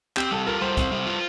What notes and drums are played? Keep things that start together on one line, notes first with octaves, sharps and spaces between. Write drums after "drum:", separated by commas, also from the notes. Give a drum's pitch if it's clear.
C4 G4, drum: clap
G3 A4
F4 A#4
G3 C5
C4, drum: kick, hi-hat
G3
F4